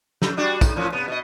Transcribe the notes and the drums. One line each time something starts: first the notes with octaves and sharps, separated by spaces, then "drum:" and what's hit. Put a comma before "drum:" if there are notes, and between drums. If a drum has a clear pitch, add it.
C#3, drum: snare
G3 D4 F#4
G#2, drum: kick, tambourine
A2 F3 C#4
C3 B3
B2 D#5